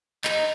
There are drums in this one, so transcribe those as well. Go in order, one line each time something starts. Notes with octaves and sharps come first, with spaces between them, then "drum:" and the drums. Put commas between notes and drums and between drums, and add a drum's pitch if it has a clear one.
D#4, drum: clap